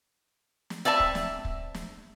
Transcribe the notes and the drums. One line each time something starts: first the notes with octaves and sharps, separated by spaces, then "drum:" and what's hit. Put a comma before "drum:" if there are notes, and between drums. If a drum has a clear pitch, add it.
drum: snare
C4 D5 E5 A5
drum: kick
drum: snare
drum: kick
drum: snare